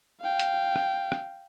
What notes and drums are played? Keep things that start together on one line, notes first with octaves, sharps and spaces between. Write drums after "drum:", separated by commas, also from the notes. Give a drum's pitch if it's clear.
F5 G5
drum: hi-hat
drum: rim click
drum: rim click